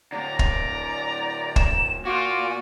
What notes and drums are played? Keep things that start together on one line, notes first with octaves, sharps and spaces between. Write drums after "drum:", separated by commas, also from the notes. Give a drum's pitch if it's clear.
A2 D3 D5 A#5
drum: kick
E7, drum: kick
A#2 F4 F#4 D6